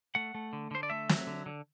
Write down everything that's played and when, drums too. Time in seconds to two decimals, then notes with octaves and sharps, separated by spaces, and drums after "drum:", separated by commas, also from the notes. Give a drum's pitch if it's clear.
0.15 A3 F#5
0.35 A3
0.53 D3
0.71 D3 C5
0.83 D5
0.90 A3 E5
1.09 F#3, drum: snare
1.27 D3
1.46 D3